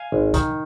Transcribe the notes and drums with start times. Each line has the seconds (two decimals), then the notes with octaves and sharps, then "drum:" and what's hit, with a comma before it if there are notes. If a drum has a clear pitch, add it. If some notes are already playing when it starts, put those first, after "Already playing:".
Already playing: F5 G#5
0.12 G#1
0.34 D#3, drum: kick, hi-hat